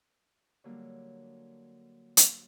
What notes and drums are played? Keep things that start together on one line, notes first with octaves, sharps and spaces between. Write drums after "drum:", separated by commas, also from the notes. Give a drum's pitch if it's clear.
D3 F#3 G3 A#3
drum: hi-hat